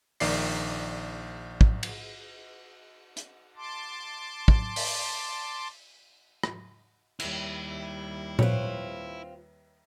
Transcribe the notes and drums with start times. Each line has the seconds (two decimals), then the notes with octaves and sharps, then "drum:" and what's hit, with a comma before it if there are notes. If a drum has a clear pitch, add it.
0.20 A#1 D#3 D5 D6 C7, drum: open hi-hat
1.61 drum: kick
1.83 drum: cymbal
3.17 drum: hi-hat
3.56 A5 C6 D6
4.48 drum: kick
4.76 drum: open hi-hat
6.43 drum: rim click
7.20 D#2 G3 E4, drum: cymbal
8.39 C4 F4 B4 C#5, drum: tom A#2